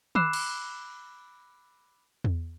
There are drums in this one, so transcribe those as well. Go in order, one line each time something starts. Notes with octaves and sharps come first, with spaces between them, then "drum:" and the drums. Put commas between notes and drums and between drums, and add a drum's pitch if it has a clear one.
B5 D6 E6 F#6 C7 E7, drum: tom D#3
drum: cymbal
drum: tom E2